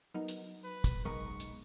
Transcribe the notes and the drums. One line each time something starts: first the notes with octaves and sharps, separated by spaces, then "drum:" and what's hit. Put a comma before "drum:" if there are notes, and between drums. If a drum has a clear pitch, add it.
F#3 B3 D#4 A#4
drum: hi-hat
B4
drum: kick, hi-hat
B1 G#3 A#4 D#5 C#6
drum: hi-hat